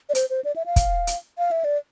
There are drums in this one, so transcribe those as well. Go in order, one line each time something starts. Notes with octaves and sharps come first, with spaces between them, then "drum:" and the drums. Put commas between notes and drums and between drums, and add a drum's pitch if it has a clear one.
D5
C5, drum: hi-hat
C5
D5
E5
F5
drum: kick, hi-hat
drum: hi-hat
F5
E5
D5